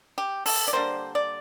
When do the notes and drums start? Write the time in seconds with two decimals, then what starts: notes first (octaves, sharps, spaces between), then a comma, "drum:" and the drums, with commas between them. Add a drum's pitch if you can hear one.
0.18 G4
0.46 A4, drum: open hi-hat
0.68 D5
0.73 D3 G3 A#3 C5
1.15 D5